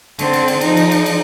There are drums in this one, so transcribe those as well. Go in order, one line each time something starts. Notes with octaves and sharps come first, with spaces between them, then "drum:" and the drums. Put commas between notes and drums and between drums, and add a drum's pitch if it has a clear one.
D3 C4, drum: cymbal
drum: cymbal
drum: cymbal
F3 D#4, drum: cymbal
drum: cymbal
drum: cymbal
drum: cymbal